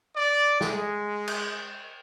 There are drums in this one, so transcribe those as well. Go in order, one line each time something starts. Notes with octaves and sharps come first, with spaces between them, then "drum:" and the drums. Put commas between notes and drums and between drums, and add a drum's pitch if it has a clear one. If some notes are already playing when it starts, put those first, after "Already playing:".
D5
G#3, drum: snare
drum: cymbal